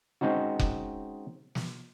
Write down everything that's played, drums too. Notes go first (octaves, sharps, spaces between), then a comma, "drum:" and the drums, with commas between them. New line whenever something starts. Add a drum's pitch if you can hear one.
G#3 C4 C#4 D#4 F#4
drum: kick F1
drum: snare